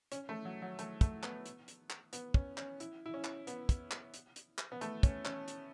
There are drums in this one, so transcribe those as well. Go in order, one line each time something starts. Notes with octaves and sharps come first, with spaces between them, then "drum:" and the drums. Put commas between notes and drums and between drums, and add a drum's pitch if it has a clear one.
C#4, drum: hi-hat
A3
F#3
F#3
A3, drum: hi-hat
A3, drum: kick, hi-hat
B3, drum: clap
drum: hi-hat
drum: hi-hat
drum: clap
B3, drum: hi-hat
C#4, drum: kick
C#4, drum: clap
E4, drum: hi-hat
E4
C#4
drum: clap
B3, drum: hi-hat
drum: kick, hi-hat
drum: clap
drum: hi-hat
drum: hi-hat
drum: clap
B3
A3, drum: hi-hat
C#4, drum: kick, hi-hat
C#4, drum: clap
drum: hi-hat